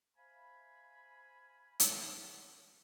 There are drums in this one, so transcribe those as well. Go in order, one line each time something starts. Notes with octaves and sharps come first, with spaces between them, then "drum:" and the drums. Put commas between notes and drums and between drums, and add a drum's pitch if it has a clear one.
C5 E5 F5 G#5 B5
drum: hi-hat